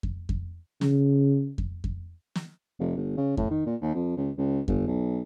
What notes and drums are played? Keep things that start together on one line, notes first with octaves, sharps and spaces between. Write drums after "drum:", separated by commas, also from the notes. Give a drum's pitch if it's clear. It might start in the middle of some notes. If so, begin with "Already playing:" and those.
drum: kick F2
drum: kick F2
C#3, drum: snare
drum: kick F2
drum: kick F2
drum: snare
F1
G1
C#3
A2, drum: kick F2
D#3
A#2
D#2
F2
C#2
C#2
G1, drum: kick F2
B1